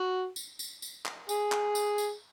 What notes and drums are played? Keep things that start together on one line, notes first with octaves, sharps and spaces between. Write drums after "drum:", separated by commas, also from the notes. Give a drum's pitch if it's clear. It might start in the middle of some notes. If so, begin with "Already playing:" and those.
Already playing: F#4
drum: tambourine
drum: tambourine
drum: tambourine
drum: clap
G#4, drum: tambourine
drum: clap
drum: tambourine
drum: tambourine